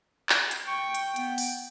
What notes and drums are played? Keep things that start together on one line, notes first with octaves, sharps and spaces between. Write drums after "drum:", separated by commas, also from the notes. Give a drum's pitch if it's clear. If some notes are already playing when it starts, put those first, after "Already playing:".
drum: clap
drum: hi-hat
G5 C#6
drum: hi-hat
B3, drum: hi-hat
drum: open hi-hat